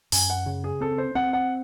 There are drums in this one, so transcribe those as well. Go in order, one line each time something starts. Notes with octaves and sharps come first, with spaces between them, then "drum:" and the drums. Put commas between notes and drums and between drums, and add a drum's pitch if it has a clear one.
F#2 G#5, drum: open hi-hat
F#5
C#3
G#4
C4 A4
C5
C4 F#5
F#5